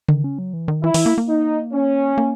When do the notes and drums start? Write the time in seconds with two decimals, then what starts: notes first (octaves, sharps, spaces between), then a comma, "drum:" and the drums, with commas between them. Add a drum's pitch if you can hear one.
0.09 D#3, drum: tom C#3
0.24 C#4
0.39 F#3
0.53 E3
0.68 D#3
0.83 E3 E4
0.94 E3, drum: open hi-hat
1.06 A#3
1.18 A#3
1.28 D#4
1.73 C#4
2.18 A#3